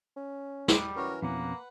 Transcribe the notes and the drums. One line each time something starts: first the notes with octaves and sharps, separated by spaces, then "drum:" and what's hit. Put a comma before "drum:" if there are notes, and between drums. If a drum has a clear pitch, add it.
C#4
G3 D#6 F#6, drum: snare
E3 C#4 F#4 A#4
F2 B2 A#3 C#4 B4 F#5